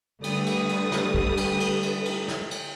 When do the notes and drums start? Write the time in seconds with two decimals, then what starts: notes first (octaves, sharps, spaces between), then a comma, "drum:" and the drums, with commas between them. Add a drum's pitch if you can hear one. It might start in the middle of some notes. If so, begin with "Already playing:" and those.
0.23 D3 G3 A3 B4 D#6, drum: cymbal
0.46 drum: cymbal
0.69 drum: cymbal
0.92 drum: snare
1.14 drum: kick
1.37 drum: cymbal
1.60 drum: cymbal
1.83 drum: cymbal
2.05 drum: cymbal
2.28 drum: snare
2.51 drum: cymbal